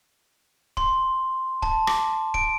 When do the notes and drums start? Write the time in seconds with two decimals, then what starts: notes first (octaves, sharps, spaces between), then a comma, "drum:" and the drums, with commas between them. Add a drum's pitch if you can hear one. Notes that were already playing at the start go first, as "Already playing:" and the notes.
0.77 C6, drum: kick
1.62 A5, drum: kick
1.87 D6, drum: rim click
2.34 D7, drum: kick